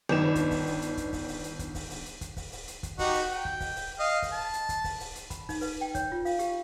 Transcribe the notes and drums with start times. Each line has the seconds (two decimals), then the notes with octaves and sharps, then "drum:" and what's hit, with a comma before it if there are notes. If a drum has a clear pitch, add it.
0.09 G1 D#3 D#4 B4 D5 E7
0.35 drum: kick, hi-hat
0.51 drum: kick, open hi-hat
0.66 drum: open hi-hat
0.82 drum: hi-hat
0.97 drum: kick, hi-hat
1.13 drum: kick, open hi-hat
1.28 drum: open hi-hat
1.44 drum: hi-hat
1.59 drum: kick, hi-hat
1.75 drum: kick, open hi-hat
1.90 drum: open hi-hat
2.06 drum: hi-hat
2.21 drum: kick, hi-hat
2.37 drum: kick, open hi-hat
2.52 drum: open hi-hat
2.68 drum: hi-hat
2.83 drum: kick, hi-hat
2.99 D#4 F#4 G4, drum: kick, open hi-hat
3.14 drum: open hi-hat
3.33 G5
3.45 drum: kick
3.60 drum: kick, open hi-hat
3.76 drum: open hi-hat
3.99 D#5 F5
4.22 drum: kick, open hi-hat
4.33 A5
4.53 drum: hi-hat
4.69 drum: kick, hi-hat
4.84 drum: kick, open hi-hat
5.00 drum: open hi-hat
5.15 drum: hi-hat
5.30 B5, drum: kick, hi-hat
5.49 D#4, drum: kick, open hi-hat
5.61 B4, drum: open hi-hat
5.81 G5
5.95 C#5, drum: kick, hi-hat
6.12 F4
6.25 F5, drum: open hi-hat
6.39 G4, drum: hi-hat